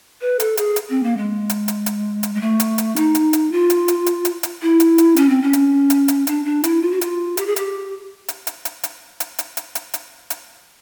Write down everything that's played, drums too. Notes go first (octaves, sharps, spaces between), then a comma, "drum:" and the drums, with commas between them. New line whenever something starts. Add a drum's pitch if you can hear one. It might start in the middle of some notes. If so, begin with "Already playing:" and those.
B4
A4, drum: hi-hat
G#4, drum: hi-hat
drum: hi-hat
C4
A#3
G#3
drum: hi-hat
drum: hi-hat
drum: hi-hat
drum: hi-hat
G#3
A3
drum: hi-hat
drum: hi-hat
D#4, drum: hi-hat
drum: hi-hat
drum: hi-hat
F4
drum: hi-hat
drum: hi-hat
drum: hi-hat
drum: hi-hat
drum: hi-hat
E4
drum: hi-hat
drum: hi-hat
C#4, drum: hi-hat
C4
C#4
drum: hi-hat
drum: hi-hat
drum: hi-hat
D4, drum: hi-hat
D4
E4, drum: hi-hat
F4
F#4
F4, drum: hi-hat
G4, drum: hi-hat
G#4
G4, drum: hi-hat
drum: hi-hat
drum: hi-hat
drum: hi-hat
drum: hi-hat
drum: hi-hat
drum: hi-hat
drum: hi-hat
drum: hi-hat
drum: hi-hat
drum: hi-hat